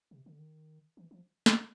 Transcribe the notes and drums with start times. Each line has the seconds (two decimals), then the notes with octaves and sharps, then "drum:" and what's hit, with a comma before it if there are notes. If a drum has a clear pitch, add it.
0.11 C3
0.26 D3
0.39 D#3
0.97 E3
1.11 F3
1.46 drum: snare